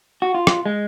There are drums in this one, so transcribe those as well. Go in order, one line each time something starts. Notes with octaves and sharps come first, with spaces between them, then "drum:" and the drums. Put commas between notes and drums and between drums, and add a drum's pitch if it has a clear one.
F#4
F4
drum: rim click
G#3